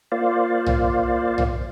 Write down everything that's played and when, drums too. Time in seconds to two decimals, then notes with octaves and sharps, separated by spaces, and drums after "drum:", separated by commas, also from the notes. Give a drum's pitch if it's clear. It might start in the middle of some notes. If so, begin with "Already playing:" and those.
0.12 A#3 F4 C5 D5 F5
0.66 drum: tom
1.38 drum: tom